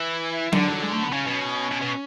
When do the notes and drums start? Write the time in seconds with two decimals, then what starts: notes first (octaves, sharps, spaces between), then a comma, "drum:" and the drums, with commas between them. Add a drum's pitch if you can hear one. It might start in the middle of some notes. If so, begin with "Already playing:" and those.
Already playing: E3 E4
0.53 D3 D4, drum: tom F#3
0.68 F#3
0.83 G#3
0.92 A3
1.03 B3
1.12 C#3 C#4
1.27 B2
1.71 B2
1.82 B2